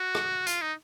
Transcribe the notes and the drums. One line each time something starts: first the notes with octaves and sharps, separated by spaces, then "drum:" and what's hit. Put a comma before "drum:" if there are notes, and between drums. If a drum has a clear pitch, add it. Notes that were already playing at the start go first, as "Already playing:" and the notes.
Already playing: F#4
drum: rim click
F4, drum: hi-hat
D#4